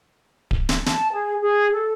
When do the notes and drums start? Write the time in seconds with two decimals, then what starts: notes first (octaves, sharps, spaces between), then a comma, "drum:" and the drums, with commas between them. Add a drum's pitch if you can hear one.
0.51 drum: kick D1
0.69 drum: snare
0.86 A5, drum: snare
1.13 G#4
1.41 G#4
1.71 A4